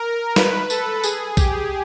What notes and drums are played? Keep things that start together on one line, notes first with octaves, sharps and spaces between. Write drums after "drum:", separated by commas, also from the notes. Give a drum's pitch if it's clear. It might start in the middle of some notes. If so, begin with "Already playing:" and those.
Already playing: A#4
B4, drum: snare
A4, drum: tambourine
G#4, drum: tambourine
G4, drum: kick B1, tambourine